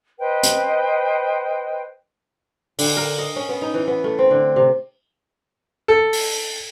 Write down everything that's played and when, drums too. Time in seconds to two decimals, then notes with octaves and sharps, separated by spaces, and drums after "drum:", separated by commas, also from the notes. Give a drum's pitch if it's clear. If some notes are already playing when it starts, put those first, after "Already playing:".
0.20 B4 C5 D#5 G5
0.43 drum: hi-hat
2.79 D3, drum: open hi-hat
2.97 A#4
3.18 D#5
3.36 C#4
3.49 B3
3.62 D#4
3.74 E3
3.88 B3
4.04 A3
4.19 C4
4.31 D3
4.56 C3
5.88 A4
6.13 drum: open hi-hat